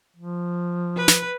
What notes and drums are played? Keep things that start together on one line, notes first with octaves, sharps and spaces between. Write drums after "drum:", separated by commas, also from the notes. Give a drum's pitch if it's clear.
F3
B4
drum: snare